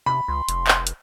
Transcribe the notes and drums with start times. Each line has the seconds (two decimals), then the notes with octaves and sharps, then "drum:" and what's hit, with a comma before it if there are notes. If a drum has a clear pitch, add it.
0.06 C3 B5
0.28 C#2 C6
0.49 F1, drum: hi-hat
0.68 drum: clap
0.87 drum: hi-hat